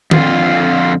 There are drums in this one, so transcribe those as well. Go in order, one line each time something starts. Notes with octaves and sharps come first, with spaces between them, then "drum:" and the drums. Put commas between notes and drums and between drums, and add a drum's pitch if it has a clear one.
F2 D3 F4, drum: tom D#3